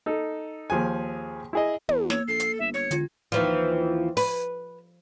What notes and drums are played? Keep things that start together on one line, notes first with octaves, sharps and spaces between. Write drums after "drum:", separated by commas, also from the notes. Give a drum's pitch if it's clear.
D#4 A4
D#2 F3 G#4 G#5
E4 G#4 D#5
E2, drum: tom
A#3 C#5 E6, drum: snare
A#1 A4 C7
drum: hi-hat
G1 E5
C#5 C#7
E1 D3 F4 G#6, drum: hi-hat
D#2 E3 F3
B4, drum: open hi-hat